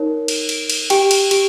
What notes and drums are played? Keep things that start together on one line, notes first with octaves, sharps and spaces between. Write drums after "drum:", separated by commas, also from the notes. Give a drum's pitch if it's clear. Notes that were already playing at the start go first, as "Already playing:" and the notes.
Already playing: D#4 A#4 C#5
drum: cymbal
drum: cymbal
drum: cymbal
G4 G5, drum: cymbal
drum: cymbal
G4, drum: cymbal